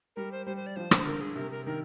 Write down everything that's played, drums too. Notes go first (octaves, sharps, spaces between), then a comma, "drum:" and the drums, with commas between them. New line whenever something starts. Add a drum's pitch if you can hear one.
G3 A#4
C5
G3 C5
C5
D5
F3 C5
D3, drum: rim click
D3 A#4
G#4
C3 A#4
A#4
D#3 A#4